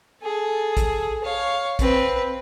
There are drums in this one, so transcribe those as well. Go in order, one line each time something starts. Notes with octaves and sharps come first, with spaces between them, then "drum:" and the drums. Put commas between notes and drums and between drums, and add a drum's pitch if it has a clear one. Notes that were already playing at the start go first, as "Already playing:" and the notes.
G#4 A4
drum: kick, hi-hat
C#5 F5
C4 B4, drum: kick, hi-hat